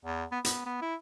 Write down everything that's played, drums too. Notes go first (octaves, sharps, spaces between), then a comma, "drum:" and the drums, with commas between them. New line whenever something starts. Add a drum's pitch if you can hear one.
E2
B3
B3, drum: hi-hat
B3
E4